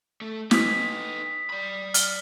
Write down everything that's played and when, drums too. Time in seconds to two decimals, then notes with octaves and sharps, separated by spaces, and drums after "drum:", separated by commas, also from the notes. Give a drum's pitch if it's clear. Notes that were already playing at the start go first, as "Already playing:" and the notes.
0.21 A3
0.51 D#4 B4 D#6 B6, drum: snare
1.50 D5 B5
1.94 F6, drum: hi-hat